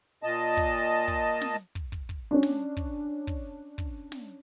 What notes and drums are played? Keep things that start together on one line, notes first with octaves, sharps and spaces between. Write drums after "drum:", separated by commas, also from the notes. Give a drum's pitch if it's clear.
A#2 D#5 A5
drum: kick
drum: kick
drum: snare
drum: kick
drum: kick
drum: kick
C#4 D4
drum: snare
drum: kick
drum: kick
drum: kick
drum: snare